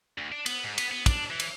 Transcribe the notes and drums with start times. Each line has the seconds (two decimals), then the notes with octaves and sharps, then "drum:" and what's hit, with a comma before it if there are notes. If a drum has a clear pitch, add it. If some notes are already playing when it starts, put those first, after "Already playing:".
0.18 D2
0.32 D4
0.46 B3, drum: cymbal
0.64 G#2
0.78 B3, drum: cymbal
0.91 B3
1.06 D4, drum: kick, cymbal
1.30 E3
1.40 drum: cymbal